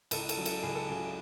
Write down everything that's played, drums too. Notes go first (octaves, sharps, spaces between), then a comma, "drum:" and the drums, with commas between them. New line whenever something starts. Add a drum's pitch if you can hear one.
C#2 A4, drum: cymbal
A4, drum: cymbal
C#3 F#3
A4, drum: cymbal
C#2 G#4
A4
C#3 F#3 G#4